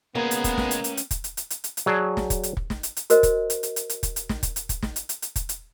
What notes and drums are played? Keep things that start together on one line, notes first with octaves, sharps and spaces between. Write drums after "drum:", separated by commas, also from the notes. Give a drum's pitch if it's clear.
C#3 G#3 A#3 B3 C#4 B4
drum: hi-hat
drum: kick, hi-hat
drum: snare
drum: hi-hat
drum: hi-hat
drum: hi-hat
drum: kick, hi-hat
drum: hi-hat
drum: hi-hat
drum: hi-hat
drum: hi-hat
drum: hi-hat
F#3 G#4 D5 A5
drum: snare
drum: kick, hi-hat
drum: hi-hat
drum: kick
drum: snare
drum: hi-hat
drum: hi-hat
F#4 A#4 C5 D#5, drum: hi-hat
drum: kick, hi-hat
drum: hi-hat
drum: hi-hat
drum: hi-hat
drum: hi-hat
drum: kick, hi-hat
drum: hi-hat
drum: snare
drum: kick, hi-hat
drum: hi-hat
drum: kick, hi-hat
drum: snare
drum: hi-hat
drum: hi-hat
drum: hi-hat
drum: kick, hi-hat
drum: hi-hat